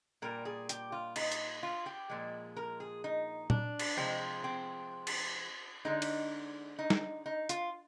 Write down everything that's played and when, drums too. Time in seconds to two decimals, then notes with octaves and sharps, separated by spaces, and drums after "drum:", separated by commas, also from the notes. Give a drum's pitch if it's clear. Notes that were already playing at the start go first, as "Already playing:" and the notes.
0.22 A#2 G3 A#4
0.45 G#4
0.69 G4, drum: hi-hat
0.92 F4
1.16 D#4, drum: cymbal
1.32 drum: hi-hat
1.63 F4
1.86 G4
2.10 A#2 F3 G#3
2.56 A#4
2.80 G#4
3.04 D#4
3.50 D4, drum: tom A#2
3.79 drum: cymbal
3.97 C3 F3 G#3 C4
4.44 C4
5.07 drum: cymbal
5.85 D3 G#3 D#4
6.02 drum: cymbal
6.79 D#4
6.90 drum: snare
7.26 D#4
7.49 F4, drum: hi-hat